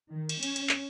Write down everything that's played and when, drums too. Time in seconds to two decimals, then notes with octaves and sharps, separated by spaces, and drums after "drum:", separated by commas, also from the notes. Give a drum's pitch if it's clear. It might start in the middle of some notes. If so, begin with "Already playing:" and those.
0.11 D#3
0.29 drum: cymbal
0.43 C#4, drum: cymbal
0.56 drum: cymbal
0.69 drum: clap